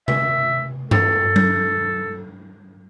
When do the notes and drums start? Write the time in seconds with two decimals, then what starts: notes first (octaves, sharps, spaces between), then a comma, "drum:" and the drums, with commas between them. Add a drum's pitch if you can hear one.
0.08 E5, drum: tom C3
0.91 A4, drum: tom G2
1.36 drum: tom F#3